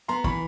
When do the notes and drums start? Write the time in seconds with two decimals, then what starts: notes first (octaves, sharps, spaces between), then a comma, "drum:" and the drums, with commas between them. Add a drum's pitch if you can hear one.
0.08 B3 A#5 C6
0.24 E3 B5 C#6, drum: kick